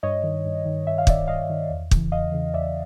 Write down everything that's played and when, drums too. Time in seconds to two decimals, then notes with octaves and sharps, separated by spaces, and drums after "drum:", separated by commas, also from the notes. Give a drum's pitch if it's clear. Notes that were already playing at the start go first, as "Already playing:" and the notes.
0.03 G2 C#5 D#5
0.23 D#3
0.45 G2
0.65 D#3
0.87 G2 E5
0.98 F5
1.07 D#3 D5 E5, drum: kick
1.28 G2 D#5 F5
1.50 D#3
1.70 E2
1.91 C#3 E3, drum: kick
2.12 E2 D#5 F5
2.32 C#3 E3
2.54 E2 D5 E5